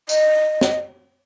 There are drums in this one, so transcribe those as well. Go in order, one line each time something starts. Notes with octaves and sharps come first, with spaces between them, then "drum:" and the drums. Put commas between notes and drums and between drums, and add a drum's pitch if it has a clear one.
D#5, drum: tambourine
drum: snare